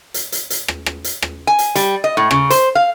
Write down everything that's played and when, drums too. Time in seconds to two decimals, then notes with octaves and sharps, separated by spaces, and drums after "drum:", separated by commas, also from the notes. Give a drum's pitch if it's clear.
0.14 drum: hi-hat
0.32 drum: hi-hat
0.50 drum: hi-hat
0.68 drum: rim click
0.86 drum: rim click
1.04 drum: hi-hat
1.22 drum: rim click
1.47 G#5
1.59 drum: hi-hat
1.75 G3, drum: hi-hat
2.04 D#5
2.17 A2
2.31 C#3, drum: rim click
2.50 C5, drum: hi-hat
2.75 F5